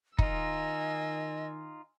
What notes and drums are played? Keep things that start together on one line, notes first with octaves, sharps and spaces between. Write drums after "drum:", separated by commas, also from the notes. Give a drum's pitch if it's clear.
D#3 D#4 F4 D#5 G#5 E6, drum: kick